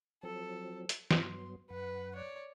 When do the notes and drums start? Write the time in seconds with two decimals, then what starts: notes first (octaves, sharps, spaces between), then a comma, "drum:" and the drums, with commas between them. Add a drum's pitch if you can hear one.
0.23 F3 F#3 C4 A4
0.89 drum: hi-hat
1.11 G2 F#3 B3 C6, drum: snare
1.70 F#2 B4 F#5
2.15 C#5 D5